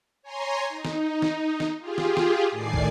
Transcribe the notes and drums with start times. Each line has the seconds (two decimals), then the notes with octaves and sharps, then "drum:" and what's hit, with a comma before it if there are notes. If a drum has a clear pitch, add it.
0.22 C#5 G#5 A#5 C6
0.69 D#4
0.85 drum: snare
1.22 drum: snare
1.60 drum: snare
1.79 F4 G4 G#4
1.98 drum: snare
2.17 drum: snare
2.51 A2 D#3 D5 G#5 C7
2.73 drum: kick